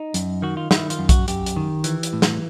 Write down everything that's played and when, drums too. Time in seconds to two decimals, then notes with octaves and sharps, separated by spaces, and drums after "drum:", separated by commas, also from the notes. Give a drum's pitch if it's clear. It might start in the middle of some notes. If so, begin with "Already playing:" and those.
Already playing: D#4
0.14 F#2, drum: hi-hat
0.42 D#3 F#4
0.57 F4
0.71 D#3 E4, drum: snare
0.90 F4, drum: hi-hat
0.99 F#2
1.09 F#4, drum: kick B1, hi-hat
1.28 F#2 G4, drum: hi-hat
1.46 drum: hi-hat
1.56 D#3
1.84 E3, drum: hi-hat
2.03 drum: hi-hat
2.13 A2
2.22 drum: snare